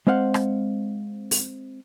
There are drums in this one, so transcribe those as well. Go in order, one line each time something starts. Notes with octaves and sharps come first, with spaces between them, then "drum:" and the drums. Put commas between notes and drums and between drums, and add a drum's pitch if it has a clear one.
G#3 C4 C5 F5 F#5
drum: rim click
drum: open hi-hat